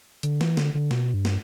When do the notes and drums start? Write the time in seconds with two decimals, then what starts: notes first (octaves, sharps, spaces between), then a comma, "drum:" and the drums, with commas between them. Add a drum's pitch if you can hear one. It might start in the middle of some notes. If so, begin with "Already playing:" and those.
0.23 D3, drum: hi-hat
0.41 E3, drum: snare
0.57 D3, drum: snare
0.74 D3
0.91 B2, drum: snare
1.14 G2
1.25 drum: snare